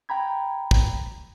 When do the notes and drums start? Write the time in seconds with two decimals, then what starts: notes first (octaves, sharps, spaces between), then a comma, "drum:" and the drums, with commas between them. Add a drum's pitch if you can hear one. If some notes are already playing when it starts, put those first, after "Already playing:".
0.09 G5 A#5 B5 G#6
0.71 drum: kick